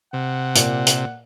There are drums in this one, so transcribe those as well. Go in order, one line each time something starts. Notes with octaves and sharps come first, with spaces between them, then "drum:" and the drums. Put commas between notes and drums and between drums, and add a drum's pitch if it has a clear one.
C3 F#5
A#2, drum: hi-hat
drum: hi-hat